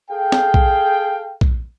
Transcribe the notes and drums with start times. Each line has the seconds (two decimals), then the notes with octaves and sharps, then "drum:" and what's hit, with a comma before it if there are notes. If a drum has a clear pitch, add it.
0.11 G#4 A4 F5 G5
0.32 drum: snare
0.54 drum: kick
1.41 drum: kick